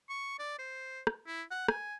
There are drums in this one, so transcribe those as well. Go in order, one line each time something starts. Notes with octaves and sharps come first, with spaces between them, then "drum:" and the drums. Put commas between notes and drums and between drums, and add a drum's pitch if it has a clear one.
C#6
D5
C5
drum: rim click
E4
F#5
G#5, drum: rim click